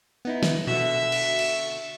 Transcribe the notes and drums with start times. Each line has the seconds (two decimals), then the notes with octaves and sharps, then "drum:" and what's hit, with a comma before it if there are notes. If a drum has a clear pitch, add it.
0.25 B3 D#4 E4
0.43 drum: snare
0.67 B2 D3 F#4 E5
1.12 drum: cymbal
1.39 drum: cymbal